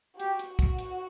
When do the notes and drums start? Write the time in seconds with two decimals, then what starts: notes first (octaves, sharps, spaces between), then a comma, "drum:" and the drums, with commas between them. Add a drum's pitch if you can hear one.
0.20 F#4 G4, drum: hi-hat
0.39 drum: hi-hat
0.59 drum: kick, hi-hat
0.78 drum: hi-hat